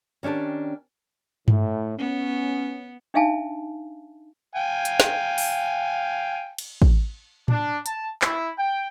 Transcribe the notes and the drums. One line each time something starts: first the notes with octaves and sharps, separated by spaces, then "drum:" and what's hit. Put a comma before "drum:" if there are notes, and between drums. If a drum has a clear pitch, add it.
D#3 C#4 D4 G4 A5
A2, drum: tom G2
B3 C#4
D4 D#4 E5 F5 G#5 A5
F5 G5 G#5
drum: hi-hat
drum: snare
drum: open hi-hat
drum: cymbal
drum: kick
D4, drum: tom A2
A5, drum: hi-hat
E4, drum: clap
G5